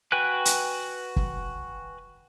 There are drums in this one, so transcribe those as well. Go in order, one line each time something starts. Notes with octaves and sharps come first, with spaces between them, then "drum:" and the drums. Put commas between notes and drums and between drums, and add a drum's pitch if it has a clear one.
F#4 B4 G5 G#5 F#6
drum: hi-hat
drum: kick